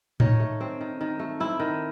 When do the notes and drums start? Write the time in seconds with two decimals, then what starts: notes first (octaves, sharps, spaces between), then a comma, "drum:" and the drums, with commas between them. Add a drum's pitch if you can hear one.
0.20 D#3 C#5, drum: tom A2
0.40 A3
0.61 C4
0.81 D#3
1.01 D#3
1.20 A3
1.40 C4 E4
1.60 D#3